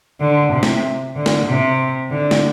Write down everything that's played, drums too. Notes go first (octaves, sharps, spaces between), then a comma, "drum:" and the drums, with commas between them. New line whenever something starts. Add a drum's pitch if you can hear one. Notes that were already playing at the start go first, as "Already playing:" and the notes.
D3
C3
drum: snare
D3
drum: snare
C3
D3
drum: snare